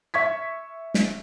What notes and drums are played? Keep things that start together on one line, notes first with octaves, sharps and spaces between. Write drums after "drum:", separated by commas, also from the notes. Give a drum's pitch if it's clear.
E5 C#6 G#6 B6
drum: snare